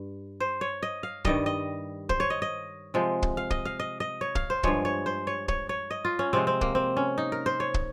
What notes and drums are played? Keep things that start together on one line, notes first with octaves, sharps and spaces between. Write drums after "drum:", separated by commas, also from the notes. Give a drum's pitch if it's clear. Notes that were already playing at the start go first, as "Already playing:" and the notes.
Already playing: G2
C5
C#5
D#5
F5
G2 D#3 G3 D#5, drum: kick
D#5
C5, drum: kick
C#5
D#5
D#5
C3 F3 G#3
drum: kick
F5
D#5, drum: kick
F5
D#5
D#5
C#5
F5, drum: kick
C5
G2 F3 G#3 C#5, drum: kick
C#5
C5
C#5
C#5, drum: kick
C#5
D#5
F4
C#4
C3 F3 G#3 C4
C4
A#3, drum: kick
C4
C#4
D#4
A#4
C5
C#5
drum: kick